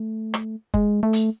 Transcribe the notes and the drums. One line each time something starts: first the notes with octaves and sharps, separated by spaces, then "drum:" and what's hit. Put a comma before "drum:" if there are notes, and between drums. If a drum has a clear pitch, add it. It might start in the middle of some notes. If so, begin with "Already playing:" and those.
Already playing: A3
drum: rim click
G#3, drum: kick F#1
A3
drum: hi-hat